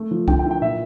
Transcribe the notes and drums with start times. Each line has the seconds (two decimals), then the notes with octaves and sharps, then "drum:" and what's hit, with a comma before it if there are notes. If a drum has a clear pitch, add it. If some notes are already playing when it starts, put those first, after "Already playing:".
Already playing: A3
0.11 F3
0.28 D3 G5, drum: kick C2
0.39 G5
0.46 E4
0.51 G5
0.62 A#2 E5